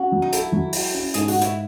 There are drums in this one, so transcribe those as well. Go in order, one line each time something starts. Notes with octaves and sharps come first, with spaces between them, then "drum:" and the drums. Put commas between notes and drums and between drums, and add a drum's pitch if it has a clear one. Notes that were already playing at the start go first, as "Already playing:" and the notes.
Already playing: C#4 F#4
F#3
D#4
E4 A4, drum: hi-hat
F#3
F#4, drum: open hi-hat
C#4
G#2 G#4, drum: hi-hat
F#4, drum: open hi-hat
G#2
E4, drum: hi-hat